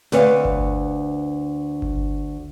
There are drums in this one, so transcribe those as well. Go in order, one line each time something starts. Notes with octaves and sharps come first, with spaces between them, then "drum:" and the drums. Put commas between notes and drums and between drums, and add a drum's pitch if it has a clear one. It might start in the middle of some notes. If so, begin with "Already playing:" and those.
D2 B4 C#5 F5, drum: snare
drum: kick G1
drum: kick G1